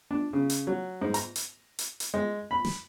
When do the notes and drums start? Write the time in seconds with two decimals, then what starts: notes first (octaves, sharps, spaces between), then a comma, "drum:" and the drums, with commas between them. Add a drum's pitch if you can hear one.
0.11 D4
0.33 C#3
0.50 drum: hi-hat
0.67 F#3
1.02 G#2
1.14 A#5, drum: hi-hat
1.36 drum: hi-hat
1.79 drum: hi-hat
2.00 drum: hi-hat
2.14 G#3
2.51 B5
2.65 drum: snare